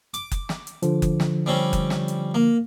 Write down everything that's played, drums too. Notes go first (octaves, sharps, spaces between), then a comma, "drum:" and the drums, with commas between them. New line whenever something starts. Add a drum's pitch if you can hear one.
D6, drum: hi-hat
drum: kick F#1, hi-hat
drum: snare
drum: hi-hat
D3 F3, drum: hi-hat
drum: kick F#1, hi-hat
drum: snare
G3 C4 C#4
drum: kick F#1, hi-hat
drum: snare
drum: hi-hat
A#3